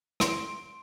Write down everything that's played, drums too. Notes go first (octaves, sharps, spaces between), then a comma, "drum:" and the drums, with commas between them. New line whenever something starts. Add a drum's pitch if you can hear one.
C6 D7, drum: rim click